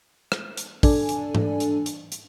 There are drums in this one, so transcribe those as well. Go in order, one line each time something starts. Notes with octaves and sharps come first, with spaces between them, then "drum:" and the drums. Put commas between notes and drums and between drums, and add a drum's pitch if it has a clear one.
drum: rim click
drum: hi-hat
D4 A4 D5 G#5, drum: kick, open hi-hat
drum: hi-hat
drum: tom G#2
drum: hi-hat
drum: hi-hat
drum: hi-hat